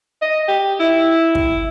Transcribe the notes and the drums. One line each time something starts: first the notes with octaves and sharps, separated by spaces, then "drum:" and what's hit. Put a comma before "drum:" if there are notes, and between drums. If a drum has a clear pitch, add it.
D#5
G4
E4
drum: kick